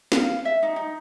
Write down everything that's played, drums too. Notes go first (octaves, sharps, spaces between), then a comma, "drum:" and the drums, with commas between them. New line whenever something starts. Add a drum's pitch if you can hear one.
F5, drum: snare
E5
D#4
D#4